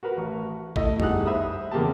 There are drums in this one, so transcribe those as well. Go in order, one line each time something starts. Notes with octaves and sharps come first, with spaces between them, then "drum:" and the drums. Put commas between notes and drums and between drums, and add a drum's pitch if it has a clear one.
F#4 A#4 B4
A1 C#6
A3 E4 D#5, drum: kick
G3 A3 D#4 G#4 F#5 F#6, drum: tom F2
C5 E5 B5 D#6 E6
E2 C#3 A#3 C4 G4 A5